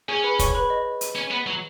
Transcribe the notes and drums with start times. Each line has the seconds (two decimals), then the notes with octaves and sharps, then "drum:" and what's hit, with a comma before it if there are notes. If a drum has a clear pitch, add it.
0.08 C#4 G#4 G#5
0.24 B4 B5
0.39 C#5 C#6, drum: kick, hi-hat
0.55 B4 B5
0.70 D#5
1.01 drum: hi-hat
1.16 C#4
1.31 B3
1.47 F#3